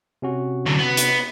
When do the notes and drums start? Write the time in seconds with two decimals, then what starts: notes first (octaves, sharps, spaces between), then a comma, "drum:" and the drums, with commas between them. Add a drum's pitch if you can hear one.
0.22 C3 C#4 F#4
0.66 D3 F#3
0.79 B3
0.97 drum: hi-hat